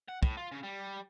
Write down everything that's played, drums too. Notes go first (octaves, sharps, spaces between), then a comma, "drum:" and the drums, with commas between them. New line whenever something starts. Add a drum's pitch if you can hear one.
F#5
A2, drum: kick
F4
C#3
G3